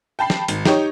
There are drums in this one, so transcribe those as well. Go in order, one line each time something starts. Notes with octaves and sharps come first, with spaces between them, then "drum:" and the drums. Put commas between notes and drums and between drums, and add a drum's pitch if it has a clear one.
G5 A5 B5 C7
drum: snare
G#1, drum: hi-hat
D#4 G4 C#5, drum: snare